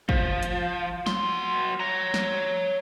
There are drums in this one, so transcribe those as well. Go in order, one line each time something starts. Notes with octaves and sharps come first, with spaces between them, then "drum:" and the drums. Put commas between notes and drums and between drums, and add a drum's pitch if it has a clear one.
F3, drum: kick
drum: hi-hat
F#3 C6, drum: snare
C#5 A#5
drum: snare